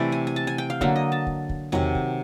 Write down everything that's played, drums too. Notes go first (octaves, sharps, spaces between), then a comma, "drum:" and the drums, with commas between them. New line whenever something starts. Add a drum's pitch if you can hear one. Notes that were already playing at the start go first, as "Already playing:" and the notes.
Already playing: C3 E3 A3 D5
G#5
G#5
A5
G#5
G5
F5
D3 F#3 A#3 E5, drum: kick
D#5
A5
drum: kick
drum: kick
C3 D#3 F#3 G#5, drum: tom E2
drum: kick